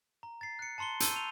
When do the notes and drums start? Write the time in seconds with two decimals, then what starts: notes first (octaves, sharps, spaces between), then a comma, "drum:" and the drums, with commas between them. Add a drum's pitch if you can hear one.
0.23 A#5
0.41 A6 C7
0.59 F#6 C#7
0.78 A5 A#5 C6 C#7 G7
1.00 A5 C6 E6 G6 D#7 G7, drum: hi-hat
1.13 C#6 D#7 F7